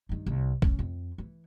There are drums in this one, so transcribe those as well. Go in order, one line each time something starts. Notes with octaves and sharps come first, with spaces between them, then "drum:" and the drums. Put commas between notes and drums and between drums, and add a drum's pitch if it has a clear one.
G2 D#3
C2
E1 C#4, drum: kick A#1
F2
E3